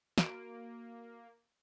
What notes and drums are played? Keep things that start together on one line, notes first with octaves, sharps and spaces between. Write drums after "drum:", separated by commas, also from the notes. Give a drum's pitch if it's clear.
A#3 F#4 D7, drum: snare